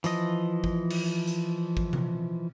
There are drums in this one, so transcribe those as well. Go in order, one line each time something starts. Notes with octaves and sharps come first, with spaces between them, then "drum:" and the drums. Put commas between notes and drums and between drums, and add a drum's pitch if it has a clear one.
E3 F3 D#5, drum: hi-hat
drum: kick
drum: cymbal
drum: hi-hat
drum: kick
drum: tom C3